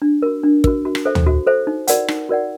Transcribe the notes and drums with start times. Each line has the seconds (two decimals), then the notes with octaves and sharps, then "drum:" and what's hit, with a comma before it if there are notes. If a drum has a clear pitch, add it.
0.02 D4
0.22 F#4 A#4
0.43 D4
0.64 F#4 A#4, drum: kick
0.85 F#4
0.95 drum: rim click
1.05 A4 C5 E5
1.15 drum: tom
1.26 F#4
1.47 A4 C5 E5
1.67 D#4
1.87 F#4 A#4 D5 F#5, drum: hi-hat
2.08 D#4, drum: rim click
2.29 F#4 A#4 D5 F#5